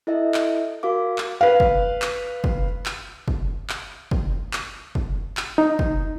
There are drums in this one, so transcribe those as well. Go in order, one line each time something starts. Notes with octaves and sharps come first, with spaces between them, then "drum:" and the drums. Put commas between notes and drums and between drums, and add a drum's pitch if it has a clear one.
E4 A4 D#5 E5
drum: clap
F#4 A#4 F5 D6
drum: clap
B4 F5
drum: kick
drum: clap
drum: kick
drum: clap
drum: kick
drum: clap
drum: kick
drum: clap
drum: kick
drum: clap
D#4
drum: kick